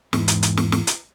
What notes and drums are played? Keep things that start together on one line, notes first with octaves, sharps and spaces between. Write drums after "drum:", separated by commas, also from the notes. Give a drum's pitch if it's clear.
E2 G#2, drum: snare
drum: hi-hat
drum: hi-hat
drum: snare
drum: snare
drum: hi-hat